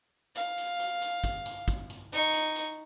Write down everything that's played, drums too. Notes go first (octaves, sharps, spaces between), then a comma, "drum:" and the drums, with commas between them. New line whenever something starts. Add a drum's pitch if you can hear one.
F5, drum: hi-hat
drum: hi-hat
drum: hi-hat
drum: hi-hat
drum: kick, hi-hat
drum: hi-hat
drum: kick, hi-hat
drum: hi-hat
D#4 C#6, drum: hi-hat
drum: hi-hat
drum: hi-hat